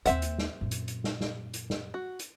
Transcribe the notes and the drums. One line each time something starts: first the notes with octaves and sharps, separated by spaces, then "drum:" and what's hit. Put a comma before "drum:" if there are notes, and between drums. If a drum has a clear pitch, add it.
D#2 A#3 C4 E5 F#5, drum: hi-hat
drum: hi-hat
drum: snare
F#2 A#2
drum: hi-hat
drum: hi-hat
drum: snare
drum: snare
drum: hi-hat
drum: snare
F#4
drum: hi-hat